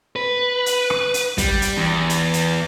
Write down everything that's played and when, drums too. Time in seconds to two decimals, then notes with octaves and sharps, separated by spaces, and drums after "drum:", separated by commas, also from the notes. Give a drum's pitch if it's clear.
0.16 B4
0.66 drum: hi-hat
0.90 drum: rim click
1.14 drum: hi-hat
1.38 G3, drum: kick, hi-hat
1.62 drum: hi-hat
1.77 E2
2.10 drum: hi-hat
2.33 drum: hi-hat